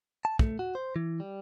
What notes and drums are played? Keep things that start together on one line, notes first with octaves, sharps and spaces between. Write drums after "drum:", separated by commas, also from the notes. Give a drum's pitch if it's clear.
A5
A3, drum: kick
F#4
C5
E3
G3